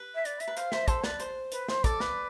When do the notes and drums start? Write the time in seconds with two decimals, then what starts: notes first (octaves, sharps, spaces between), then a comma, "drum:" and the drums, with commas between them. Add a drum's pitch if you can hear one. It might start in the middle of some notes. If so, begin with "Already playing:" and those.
Already playing: B4
0.15 E5
0.25 D5, drum: hi-hat
0.40 E5, drum: hi-hat
0.48 B4
0.57 C5 F5, drum: hi-hat
0.72 C5 E5, drum: snare
0.88 A4 C5, drum: kick, hi-hat
1.04 B4 D5, drum: snare
1.20 C5, drum: hi-hat
1.52 B4, drum: hi-hat
1.68 C5, drum: snare
1.84 A4 D5, drum: kick, hi-hat
2.00 B4, drum: snare